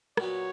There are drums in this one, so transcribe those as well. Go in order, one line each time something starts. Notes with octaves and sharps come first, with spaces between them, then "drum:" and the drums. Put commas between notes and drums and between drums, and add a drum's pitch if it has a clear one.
A#2 F#3 B3 C#5, drum: rim click